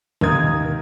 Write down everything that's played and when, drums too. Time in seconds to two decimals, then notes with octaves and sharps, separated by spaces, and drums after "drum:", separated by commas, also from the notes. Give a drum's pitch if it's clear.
0.21 D#2 A#4 D#6 G#6, drum: tom